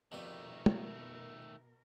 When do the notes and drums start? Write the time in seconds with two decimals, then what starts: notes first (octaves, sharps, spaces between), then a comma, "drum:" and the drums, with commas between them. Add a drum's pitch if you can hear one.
0.12 F2 B2 D#3 G3 A3 A#4 B4
0.66 drum: tom